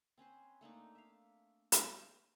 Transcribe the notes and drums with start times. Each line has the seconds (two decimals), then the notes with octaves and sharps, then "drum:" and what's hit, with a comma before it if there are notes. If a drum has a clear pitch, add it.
0.18 C4 C#4 B4 C5
0.61 A3 A#3 D4 D#4
0.95 E5 F5
1.72 drum: hi-hat